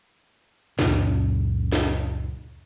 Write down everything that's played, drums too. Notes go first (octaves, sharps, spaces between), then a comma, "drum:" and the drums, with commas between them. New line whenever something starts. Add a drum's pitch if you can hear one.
C#2 F#2 A#2 C#3, drum: snare
drum: snare